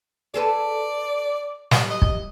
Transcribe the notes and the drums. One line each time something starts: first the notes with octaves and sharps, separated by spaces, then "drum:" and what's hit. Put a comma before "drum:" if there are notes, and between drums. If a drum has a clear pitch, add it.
G#4 A4 B4 D5
E3 F#3 G3, drum: snare
D#5
drum: kick